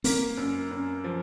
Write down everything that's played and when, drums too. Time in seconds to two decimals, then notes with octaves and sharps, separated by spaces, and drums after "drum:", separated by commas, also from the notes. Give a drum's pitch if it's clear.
0.04 A#3 C4, drum: open hi-hat
0.37 F#2
0.71 F#2
1.04 F3